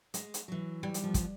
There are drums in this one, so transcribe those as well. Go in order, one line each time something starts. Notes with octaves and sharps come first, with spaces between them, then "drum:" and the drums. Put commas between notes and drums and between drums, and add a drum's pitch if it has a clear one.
G#3, drum: hi-hat
drum: hi-hat
E3 F#3
G3
drum: hi-hat
F3 B3
drum: kick, hi-hat